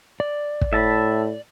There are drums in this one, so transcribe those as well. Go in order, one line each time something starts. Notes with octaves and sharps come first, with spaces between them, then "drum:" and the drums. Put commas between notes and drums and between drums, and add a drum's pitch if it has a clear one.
D5
drum: kick
A2 E5 A5 B5